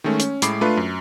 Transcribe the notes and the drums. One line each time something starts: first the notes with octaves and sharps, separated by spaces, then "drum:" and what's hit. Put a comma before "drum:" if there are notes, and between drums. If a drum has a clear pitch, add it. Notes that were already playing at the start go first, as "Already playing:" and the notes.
D#3 G#3 A3 C#4
C#4, drum: hi-hat
A2 G#3 B5 D6 C7, drum: hi-hat
A3 D4 F4 B4
F#2